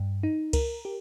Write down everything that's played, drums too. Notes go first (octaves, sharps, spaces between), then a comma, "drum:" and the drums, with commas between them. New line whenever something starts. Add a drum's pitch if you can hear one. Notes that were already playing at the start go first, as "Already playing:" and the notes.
Already playing: G2
D#4
A#4, drum: kick C#2, cymbal
G4